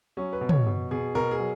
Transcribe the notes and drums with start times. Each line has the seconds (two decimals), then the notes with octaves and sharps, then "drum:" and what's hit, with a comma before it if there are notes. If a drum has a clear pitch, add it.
0.17 F#3 C#4
0.33 B4
0.41 B2
0.49 C#5, drum: tom
0.66 B2
0.91 B2 G#4
1.15 B2 A#4
1.31 G#4
1.39 F#3